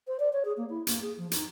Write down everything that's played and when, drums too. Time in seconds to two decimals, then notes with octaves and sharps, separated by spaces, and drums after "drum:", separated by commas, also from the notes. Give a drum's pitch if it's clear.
0.07 C5
0.19 D5
0.33 C#5
0.45 G#4
0.57 A#3
0.69 E4
0.87 A#3, drum: hi-hat
1.02 G#4
1.17 F3
1.31 D#4, drum: hi-hat